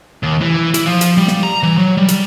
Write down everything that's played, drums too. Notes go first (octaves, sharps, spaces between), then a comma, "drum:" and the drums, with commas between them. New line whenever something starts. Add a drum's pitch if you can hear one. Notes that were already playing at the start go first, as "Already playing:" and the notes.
D#2
E3
E4, drum: hi-hat
F3
drum: hi-hat
G3
drum: snare
A#5
E3
F#3
G3
drum: hi-hat